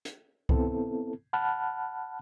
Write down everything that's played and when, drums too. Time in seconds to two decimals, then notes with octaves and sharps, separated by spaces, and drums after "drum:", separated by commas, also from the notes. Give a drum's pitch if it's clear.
0.05 drum: hi-hat
0.49 B3 C4 E4 A4, drum: kick C2
1.33 F#5 A5 B5 F6 F#6